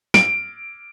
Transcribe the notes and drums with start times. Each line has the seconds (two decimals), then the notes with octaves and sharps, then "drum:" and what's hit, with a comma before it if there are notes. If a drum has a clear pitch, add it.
0.14 D7, drum: snare